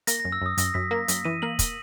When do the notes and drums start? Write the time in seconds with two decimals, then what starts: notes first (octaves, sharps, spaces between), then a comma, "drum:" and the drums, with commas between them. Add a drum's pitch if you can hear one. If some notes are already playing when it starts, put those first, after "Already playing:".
0.07 A#3 A#6, drum: hi-hat
0.20 A#6
0.25 F#2
0.32 E6
0.42 F#2 D#6
0.58 F#2 A#6, drum: hi-hat
0.74 F#2 B6
0.91 A#3 A#6
1.08 F#2 B6, drum: hi-hat
1.25 E3 D#7
1.42 A#3 F#7
1.59 drum: kick, hi-hat